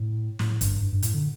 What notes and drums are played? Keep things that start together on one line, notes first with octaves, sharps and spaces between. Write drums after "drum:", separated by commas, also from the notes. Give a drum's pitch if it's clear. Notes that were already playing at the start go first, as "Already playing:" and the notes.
Already playing: A2
A2, drum: snare
G2, drum: kick, hi-hat
G2
G2
A2, drum: hi-hat
D3